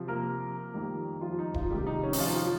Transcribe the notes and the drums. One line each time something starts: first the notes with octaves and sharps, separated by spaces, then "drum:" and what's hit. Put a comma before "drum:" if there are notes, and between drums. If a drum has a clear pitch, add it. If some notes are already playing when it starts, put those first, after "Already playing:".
Already playing: C3 F3
A#3 A#4
F2 D#3 G3 A#3
F3 F4
D#4
F3 F4, drum: kick D#1
C3 D#3 G3 G#3 G4
D#4
C#4
D#4, drum: open hi-hat
F3 F4
F3 F4